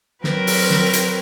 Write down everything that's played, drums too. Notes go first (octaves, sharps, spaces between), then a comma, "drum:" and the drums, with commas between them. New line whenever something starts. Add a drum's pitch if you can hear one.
F#3 C4 A#4 B4, drum: snare
drum: open hi-hat
drum: snare
drum: hi-hat